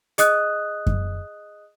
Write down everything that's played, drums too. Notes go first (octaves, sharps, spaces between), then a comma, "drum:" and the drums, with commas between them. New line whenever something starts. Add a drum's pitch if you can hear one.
G#4 D#5 D#6 F#6, drum: hi-hat
drum: kick F#2